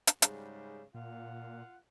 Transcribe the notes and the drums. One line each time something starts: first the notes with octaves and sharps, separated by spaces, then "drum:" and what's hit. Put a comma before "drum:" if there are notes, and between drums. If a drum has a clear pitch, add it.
drum: hi-hat
G#2 C#3 G3, drum: hi-hat
A#2 F4 F5 F#5